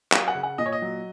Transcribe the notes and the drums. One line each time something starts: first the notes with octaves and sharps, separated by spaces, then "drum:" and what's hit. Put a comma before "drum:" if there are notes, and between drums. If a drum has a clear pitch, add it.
F#3 F5, drum: clap
F#5
C#3
F#5
A#2 D#5
C#5
D#5
F#3